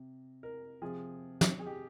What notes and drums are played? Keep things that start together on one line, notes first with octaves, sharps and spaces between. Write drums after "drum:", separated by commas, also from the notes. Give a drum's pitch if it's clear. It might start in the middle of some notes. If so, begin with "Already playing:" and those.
Already playing: C3
A#4
C3 F3 G#4
drum: snare
G#4
G4